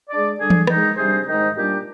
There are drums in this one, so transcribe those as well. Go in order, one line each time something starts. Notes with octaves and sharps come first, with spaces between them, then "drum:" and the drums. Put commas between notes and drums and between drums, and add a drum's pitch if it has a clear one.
G#3 D4 G#4 D5
D3 G3 D4 G#4
drum: tom E3
D#3 G#3 D#4 G#4, drum: rim click
C3 G3 D4 G#4 C5
G#2 D#3 G#3 D#4
A#2 G3 D4 G4